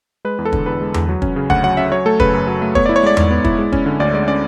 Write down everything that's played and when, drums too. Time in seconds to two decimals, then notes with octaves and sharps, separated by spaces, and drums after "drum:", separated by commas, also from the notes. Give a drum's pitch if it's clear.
0.25 G#3 B4
0.39 E2
0.45 A4
0.53 D3, drum: kick
0.66 E2 B4
0.81 G#3
0.94 E2, drum: tom E2
1.09 F#3
1.22 C#4, drum: kick
1.36 C#3
1.50 D2 F#5, drum: kick
1.64 F#3 F#5
1.77 C#4 E5
1.92 F#3 C#5
2.06 A3 A4
2.20 C#3 B4, drum: kick
2.33 F#2
2.47 F#3
2.62 A3
2.75 B3 C#5, drum: kick
2.86 D5
2.89 E4
2.96 C#5
3.03 G#3 D5
3.17 G#2, drum: tom E2
3.31 B3
3.44 E4, drum: kick
3.59 G#3
3.72 C#4, drum: kick
3.86 D3
4.00 D2 D5
4.14 G#3 D5
4.28 C#4 D5